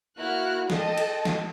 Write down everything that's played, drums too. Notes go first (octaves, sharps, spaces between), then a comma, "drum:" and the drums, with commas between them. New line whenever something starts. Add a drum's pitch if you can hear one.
A#3 E4 F#4 F6 F#6
A4 D#5 G5 A5, drum: snare
drum: cymbal
drum: snare